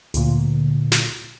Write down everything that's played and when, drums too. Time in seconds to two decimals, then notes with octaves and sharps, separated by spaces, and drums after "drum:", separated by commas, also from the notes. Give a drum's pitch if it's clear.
0.14 D2 A#2, drum: hi-hat
0.92 drum: snare